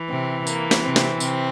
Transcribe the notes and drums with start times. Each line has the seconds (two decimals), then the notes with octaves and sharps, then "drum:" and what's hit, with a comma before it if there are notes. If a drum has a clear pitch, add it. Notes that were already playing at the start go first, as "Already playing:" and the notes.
Already playing: E3
0.09 C3 C4
0.47 A#3, drum: tambourine
0.71 drum: snare
0.83 C3 C4
0.96 drum: snare
1.20 C3 C4, drum: tambourine